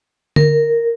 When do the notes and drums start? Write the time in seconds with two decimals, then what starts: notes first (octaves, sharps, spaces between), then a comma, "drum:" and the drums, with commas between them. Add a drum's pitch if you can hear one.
0.36 A#4, drum: tom D3